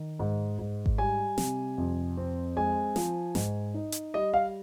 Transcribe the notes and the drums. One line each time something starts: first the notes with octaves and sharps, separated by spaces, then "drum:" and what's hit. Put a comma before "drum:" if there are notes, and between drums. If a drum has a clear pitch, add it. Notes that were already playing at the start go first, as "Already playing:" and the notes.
Already playing: D#3
G#2
G#2
drum: kick G#1
G3 G#5
C3, drum: snare
F2
C4
G#3 G#5
F3, drum: snare
G#2, drum: snare
D#4
drum: hi-hat
G3 D#5
F5